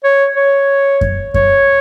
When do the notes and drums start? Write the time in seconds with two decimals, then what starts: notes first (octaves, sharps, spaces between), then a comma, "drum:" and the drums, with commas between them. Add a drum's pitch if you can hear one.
0.04 C#5
0.36 C#5
1.01 drum: kick F#2
1.34 C#5, drum: kick F#2